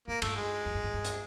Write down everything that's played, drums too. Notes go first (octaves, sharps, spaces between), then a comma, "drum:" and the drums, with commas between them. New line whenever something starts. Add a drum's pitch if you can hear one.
G#2 A#3
G2 A3, drum: cymbal
G#3
F2
G2
G#2
G2
drum: hi-hat